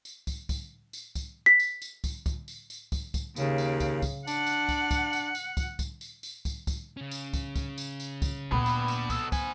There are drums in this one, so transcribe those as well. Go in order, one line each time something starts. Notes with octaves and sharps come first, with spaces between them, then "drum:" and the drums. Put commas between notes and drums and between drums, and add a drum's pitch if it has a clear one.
drum: tambourine
drum: kick, tambourine
drum: kick, tambourine
drum: tambourine
drum: kick, tambourine
B6
drum: tambourine
drum: tambourine
drum: kick, tambourine
drum: kick, tambourine
drum: tambourine
drum: tambourine
drum: kick, tambourine
drum: kick, tambourine
D#2 C#3, drum: tambourine
drum: tambourine
drum: kick, tambourine
drum: kick, tambourine
D4 F#5, drum: tambourine
drum: tambourine
drum: kick, tambourine
drum: kick, tambourine
drum: tambourine
drum: tambourine
drum: kick, tambourine
drum: kick, tambourine
drum: tambourine
drum: tambourine
drum: kick, tambourine
drum: kick, tambourine
C#3 C#4
drum: tambourine
drum: kick, tambourine
drum: kick, tambourine
drum: tambourine
drum: tambourine
drum: kick, tambourine
D2 A#2 B3 D4 B4
drum: tambourine
drum: tambourine
B2 A4, drum: kick, tambourine
C5 G#5, drum: kick, tambourine